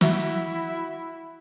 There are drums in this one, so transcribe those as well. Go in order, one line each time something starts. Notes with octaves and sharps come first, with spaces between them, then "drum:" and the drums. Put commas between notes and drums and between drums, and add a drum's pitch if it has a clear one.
E4 F#4 E5, drum: snare